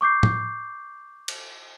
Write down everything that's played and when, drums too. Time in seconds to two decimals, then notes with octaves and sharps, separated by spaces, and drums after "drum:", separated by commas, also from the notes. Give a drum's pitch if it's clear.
0.01 C#6 D6 G6 C7
0.23 drum: tom
1.28 drum: cymbal